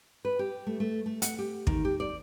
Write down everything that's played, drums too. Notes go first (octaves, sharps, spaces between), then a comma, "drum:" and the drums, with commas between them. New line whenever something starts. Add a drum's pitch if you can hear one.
B4
G4
A3
A3
A3
F#5, drum: hi-hat
G4
D#3, drum: kick
G4
D5